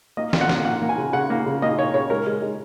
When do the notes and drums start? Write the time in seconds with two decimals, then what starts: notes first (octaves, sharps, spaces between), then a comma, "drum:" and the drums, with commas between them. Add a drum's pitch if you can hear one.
0.17 A#3 D#5
0.33 A#3, drum: snare
0.41 F#5
0.49 A#3, drum: snare
0.65 A#3 F#5
0.82 A#3
0.89 G#5
0.98 C#3
1.13 C#3 F#5
1.30 A#3
1.46 C#3
1.62 A#3 D#5
1.78 A#3 C#5
1.94 C#3 C#5
2.10 G#3 A#4
2.26 G#3
2.42 G#3